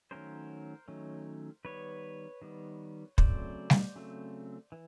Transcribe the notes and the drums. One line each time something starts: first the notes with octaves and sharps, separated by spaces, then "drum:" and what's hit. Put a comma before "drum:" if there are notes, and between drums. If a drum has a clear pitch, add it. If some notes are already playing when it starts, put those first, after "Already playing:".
D#3 F#3 A3 C#4 A#4 C5
D#3 F#3 A3 C#4
D#3 G3 B3 B4 C#5
D#3 G3 B3
C#3 F#3 A3 C4 C5 D5, drum: kick
drum: snare G3
C#3 F#3 A3 C4
E3